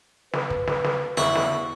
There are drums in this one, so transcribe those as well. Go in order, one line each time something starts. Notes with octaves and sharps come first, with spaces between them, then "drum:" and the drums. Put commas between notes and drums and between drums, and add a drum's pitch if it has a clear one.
B4, drum: snare
drum: kick
drum: snare
drum: snare
E2 E5 F#5 C#6, drum: snare
drum: snare